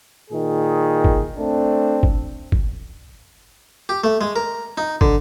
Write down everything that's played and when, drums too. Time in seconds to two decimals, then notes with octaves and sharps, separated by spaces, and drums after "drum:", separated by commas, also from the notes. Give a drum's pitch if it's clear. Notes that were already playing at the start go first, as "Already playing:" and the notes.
0.31 A#2 D#3 G#4
1.04 drum: kick
1.36 A3 C4 D4
2.03 drum: kick
2.52 drum: kick
3.89 G4
4.04 A3
4.21 G#3
4.36 A#4
4.77 D#4
5.01 D3, drum: kick